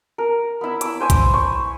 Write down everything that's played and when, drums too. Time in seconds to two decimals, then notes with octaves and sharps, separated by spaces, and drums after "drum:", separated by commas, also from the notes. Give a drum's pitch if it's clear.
0.18 A#4
0.61 B3 E4
0.81 D6 E6, drum: hi-hat
1.00 C5 G#5 D6
1.10 drum: kick, hi-hat
1.34 C#6